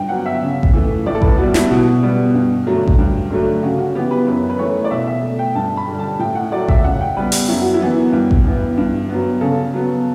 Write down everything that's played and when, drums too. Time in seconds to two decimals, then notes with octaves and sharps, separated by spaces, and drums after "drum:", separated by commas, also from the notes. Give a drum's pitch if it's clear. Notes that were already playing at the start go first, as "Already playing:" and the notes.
Already playing: G2 G5
0.09 F#3 B3 F#5
0.26 E5
0.42 C#3
0.63 drum: kick A1
0.73 E3 A3
1.06 A2 D5
1.15 A4
1.22 B4, drum: kick A1
1.38 G3 B3 F#4
1.54 E4, drum: snare
1.70 B2 F#4
2.03 G3 B3
2.34 G2
2.67 D3 F#3 A3
2.88 drum: kick A1
2.99 G2
3.30 D3 F#3 A3
3.63 C#3 F#4
3.79 F#4
3.95 E3 B3 G4
4.11 B4
4.26 F#2 B4
4.50 B4
4.59 E3 A3 C#5
4.84 D5
4.91 B2 E5
5.07 E5
5.23 A3
5.39 G5
5.55 G2 A5
5.77 B5
5.88 D3 G3
5.99 A5
6.19 A2 G5
6.35 F#5
6.52 F#3 A3 D5
6.68 E5, drum: kick A1
6.84 C#3 F#5
7.01 G5
7.17 G3 B3 B4
7.32 drum: open hi-hat
7.48 F#2 E4
7.61 F#4
7.74 E4
7.81 E3 B3
8.12 G2
8.31 drum: kick A1
8.45 E3 B3
8.77 G2
9.09 B3
9.14 F#3
9.41 C#3 A4
9.74 F#3 B3